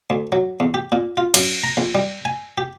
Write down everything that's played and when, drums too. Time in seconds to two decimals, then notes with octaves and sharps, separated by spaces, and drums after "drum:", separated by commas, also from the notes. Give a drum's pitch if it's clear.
0.10 D2
0.32 F#3
0.60 E2
0.74 G4
0.92 A#2
1.17 F4
1.34 F#2, drum: cymbal
1.64 A#5
1.77 A#1
1.95 G3
2.25 G#5
2.58 G4